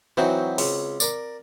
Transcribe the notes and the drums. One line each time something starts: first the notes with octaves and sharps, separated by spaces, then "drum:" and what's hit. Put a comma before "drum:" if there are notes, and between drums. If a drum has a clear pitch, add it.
E3 F#3 C4 D#4 F#4
C#2, drum: open hi-hat
A#4 D5, drum: tambourine